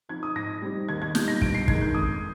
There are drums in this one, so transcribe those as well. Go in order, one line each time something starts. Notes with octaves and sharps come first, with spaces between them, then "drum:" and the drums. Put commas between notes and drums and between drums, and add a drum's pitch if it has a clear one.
F3 C4 D#4 G#6
D#6
G#2 A#6
G3 C4 D#4
D#2 G#6
G#6
D#3 G3 A#3 D#4 G6, drum: snare
A#6
G2 D7, drum: kick
C7
D#3 G#3 D#4 G#6, drum: kick
G6
F2 D#6